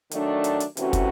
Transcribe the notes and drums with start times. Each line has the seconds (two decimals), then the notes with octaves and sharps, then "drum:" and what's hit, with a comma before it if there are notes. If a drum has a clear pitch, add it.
0.11 D#3 F#3 A3 D4, drum: hi-hat
0.44 drum: hi-hat
0.60 drum: hi-hat
0.77 C3 E3 A3 C#4 F#4, drum: hi-hat
0.93 drum: kick, hi-hat